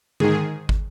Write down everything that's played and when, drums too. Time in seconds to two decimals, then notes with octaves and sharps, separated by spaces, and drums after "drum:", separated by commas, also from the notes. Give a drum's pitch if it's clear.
0.20 G#2 D#3 G#4, drum: tom D3
0.69 drum: kick